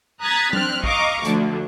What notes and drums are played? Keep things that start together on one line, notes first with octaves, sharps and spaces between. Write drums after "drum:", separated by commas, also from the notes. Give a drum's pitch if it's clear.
A#5 D#6 F#6 G#6 A6 B6
C4 D4 F6 F#6, drum: tom F#3
D#5 F5 A#5 C#6 D6, drum: kick A#1
D2 F3 D4, drum: hi-hat